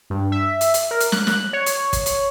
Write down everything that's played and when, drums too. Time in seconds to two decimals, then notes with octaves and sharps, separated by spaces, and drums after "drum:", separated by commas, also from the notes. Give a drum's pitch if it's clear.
0.10 G2
0.32 E5
0.61 drum: hi-hat
0.74 drum: hi-hat
0.91 A#4
1.00 drum: hi-hat
1.12 F#6, drum: snare
1.27 drum: snare
1.53 C#5
1.66 drum: hi-hat
1.93 drum: kick, hi-hat
2.06 drum: hi-hat